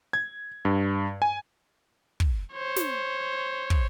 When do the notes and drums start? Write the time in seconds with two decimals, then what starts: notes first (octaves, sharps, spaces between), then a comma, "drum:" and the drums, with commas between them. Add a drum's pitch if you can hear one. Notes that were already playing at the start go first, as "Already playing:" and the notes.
0.13 G#6
0.65 G2
1.22 G#5
2.20 drum: kick
2.54 C5 C#5
2.76 drum: snare
3.70 drum: kick